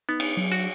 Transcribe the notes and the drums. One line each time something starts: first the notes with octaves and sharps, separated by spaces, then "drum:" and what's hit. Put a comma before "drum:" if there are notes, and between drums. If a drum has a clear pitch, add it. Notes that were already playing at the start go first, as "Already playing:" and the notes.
B3 D#4
drum: cymbal
F#3
F#4